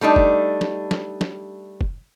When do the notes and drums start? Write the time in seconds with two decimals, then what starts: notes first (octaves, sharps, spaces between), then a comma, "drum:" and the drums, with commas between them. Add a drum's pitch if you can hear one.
0.01 G3 A3 D4 D#4
0.16 drum: kick
0.61 drum: snare
0.91 drum: snare
1.21 drum: snare
1.81 drum: kick